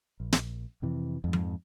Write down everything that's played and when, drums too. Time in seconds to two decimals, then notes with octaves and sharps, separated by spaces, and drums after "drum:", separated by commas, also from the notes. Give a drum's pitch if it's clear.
0.20 A#1
0.32 drum: snare
0.82 F2 C3 E3
1.24 F2 G#2
1.33 drum: tom F3